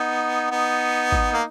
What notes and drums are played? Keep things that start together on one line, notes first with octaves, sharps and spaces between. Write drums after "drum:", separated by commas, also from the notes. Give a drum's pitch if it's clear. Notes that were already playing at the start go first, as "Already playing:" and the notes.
Already playing: B3 D#4
B3 D#4
drum: kick G#1
A#3